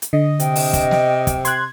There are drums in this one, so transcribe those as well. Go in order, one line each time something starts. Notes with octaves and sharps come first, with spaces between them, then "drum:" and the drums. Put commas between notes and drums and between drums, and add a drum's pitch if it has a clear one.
drum: hi-hat
D3 D#5
C3 G5, drum: hi-hat
drum: open hi-hat
drum: kick, hi-hat
drum: snare
drum: kick, hi-hat
C6 F#6 G#6, drum: hi-hat